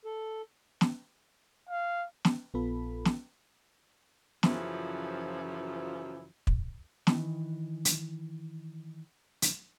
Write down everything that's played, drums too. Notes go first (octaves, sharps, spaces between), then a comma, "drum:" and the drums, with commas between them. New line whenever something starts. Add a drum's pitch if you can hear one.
A4
drum: snare
F5
drum: snare
A#1 B3 F4 A4 B5
drum: snare
F#2 C#3 E3 F3, drum: snare
drum: kick
D#3 E3, drum: snare
drum: hi-hat
drum: hi-hat